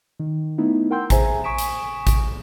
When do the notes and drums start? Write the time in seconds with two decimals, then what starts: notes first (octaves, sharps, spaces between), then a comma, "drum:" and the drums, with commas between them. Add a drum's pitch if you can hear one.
0.19 D#3
0.58 A3 B3 D#4 E4
0.90 A#4 F#5 G5 C6 E6 G6
1.10 G#4 C5 E5 G#5 A#5, drum: kick G#1, hi-hat
1.44 G#5 C#6 D#6 B6 D7 E7
1.58 drum: hi-hat
2.07 drum: kick G#1, hi-hat